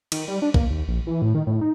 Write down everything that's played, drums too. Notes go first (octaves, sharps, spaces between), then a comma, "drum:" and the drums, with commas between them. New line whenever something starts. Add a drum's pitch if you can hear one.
D#3, drum: cymbal
G3
D4
A#3, drum: kick B1
D#2
A#1
E3
A2
D#3
A2
D#4